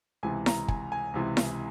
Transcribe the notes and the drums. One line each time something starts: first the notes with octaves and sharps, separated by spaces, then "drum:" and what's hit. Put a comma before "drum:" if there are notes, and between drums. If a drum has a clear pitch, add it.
C#2 C3 E3 G#5
A#5, drum: snare E4
G#5, drum: kick
G#5
C#2 C3 E3
drum: snare E4